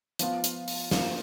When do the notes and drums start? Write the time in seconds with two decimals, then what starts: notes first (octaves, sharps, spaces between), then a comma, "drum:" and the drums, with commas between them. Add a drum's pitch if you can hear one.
0.19 F3 B3 F4, drum: hi-hat
0.44 drum: hi-hat
0.68 drum: open hi-hat
0.91 F3 A#3 F4, drum: snare